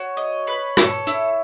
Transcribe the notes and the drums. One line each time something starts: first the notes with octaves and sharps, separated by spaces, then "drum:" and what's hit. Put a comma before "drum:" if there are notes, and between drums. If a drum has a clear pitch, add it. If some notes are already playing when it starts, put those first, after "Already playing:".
Already playing: F#4 C#5
D#5
B4
A4, drum: rim click
E4, drum: hi-hat